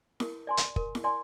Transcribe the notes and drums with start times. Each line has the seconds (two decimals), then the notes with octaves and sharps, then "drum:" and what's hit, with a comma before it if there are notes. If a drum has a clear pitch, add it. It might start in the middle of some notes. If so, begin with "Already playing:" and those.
0.20 A#4, drum: snare E4
0.47 D5 G#5 C6
0.57 drum: hi-hat
0.76 A#4, drum: kick
0.95 drum: snare E4
1.04 D5 G#5 C6